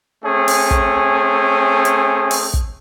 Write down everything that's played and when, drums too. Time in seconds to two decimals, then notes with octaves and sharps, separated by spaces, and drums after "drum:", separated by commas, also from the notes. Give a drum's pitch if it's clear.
0.25 A3 C4 C#4 G#4
0.48 drum: open hi-hat
0.71 drum: kick
1.85 drum: hi-hat
2.31 drum: open hi-hat
2.54 drum: kick